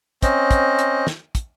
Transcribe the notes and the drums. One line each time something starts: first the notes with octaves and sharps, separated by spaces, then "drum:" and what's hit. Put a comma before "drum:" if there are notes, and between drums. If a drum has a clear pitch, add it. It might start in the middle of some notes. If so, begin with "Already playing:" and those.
C4 C#4 C5 D#5, drum: kick, hi-hat
drum: kick, hi-hat
drum: hi-hat
drum: snare
drum: kick, hi-hat